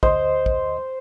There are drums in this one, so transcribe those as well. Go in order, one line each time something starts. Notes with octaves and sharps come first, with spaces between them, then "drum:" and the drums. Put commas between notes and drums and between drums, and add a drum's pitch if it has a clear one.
D2 C5 D#5, drum: kick
drum: kick